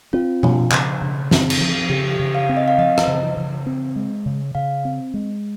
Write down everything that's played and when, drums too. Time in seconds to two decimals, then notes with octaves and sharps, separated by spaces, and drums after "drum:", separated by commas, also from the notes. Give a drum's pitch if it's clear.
0.13 C4 F4
0.43 F3, drum: tom B2
0.71 C#3, drum: clap
1.02 C#3
1.31 C4, drum: snare
1.50 drum: cymbal
1.60 F3
1.89 C#3 G4
2.11 G4
2.19 C#3
2.35 F5
2.49 C4
2.57 D#5
2.68 F5
2.78 F3 D#5
2.98 drum: rim click
3.07 C#3
3.37 C#3
3.66 C4
3.96 G#3
4.26 C#3
4.55 C#3 F5
4.85 C4
5.14 G#3